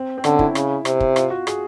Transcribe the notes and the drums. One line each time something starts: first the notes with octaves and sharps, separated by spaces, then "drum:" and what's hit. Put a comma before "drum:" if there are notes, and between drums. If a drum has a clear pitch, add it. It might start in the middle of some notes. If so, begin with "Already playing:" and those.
Already playing: C4
C4
D3 C#4, drum: rim click
E4, drum: kick
C#3, drum: rim click
C3, drum: rim click
drum: kick
F4, drum: rim click
F#4
G#4, drum: rim click